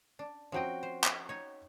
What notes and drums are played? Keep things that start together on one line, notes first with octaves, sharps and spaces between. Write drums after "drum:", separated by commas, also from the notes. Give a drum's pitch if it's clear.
D4
F3 C4 C#4 F#4 D#5 G5
C5
C#5, drum: clap
D#4 C#5